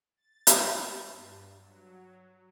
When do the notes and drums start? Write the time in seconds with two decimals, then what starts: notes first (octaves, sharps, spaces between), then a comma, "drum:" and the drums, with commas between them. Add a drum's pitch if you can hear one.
0.17 A6
0.47 drum: hi-hat
0.71 A5
1.06 G2
1.54 F#3